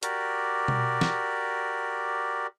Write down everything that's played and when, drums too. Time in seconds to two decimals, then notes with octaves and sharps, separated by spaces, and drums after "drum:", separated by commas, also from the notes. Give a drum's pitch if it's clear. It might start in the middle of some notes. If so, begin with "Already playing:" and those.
0.03 F#4 G4 A#4 D5, drum: hi-hat
0.68 drum: tom B2
1.01 drum: snare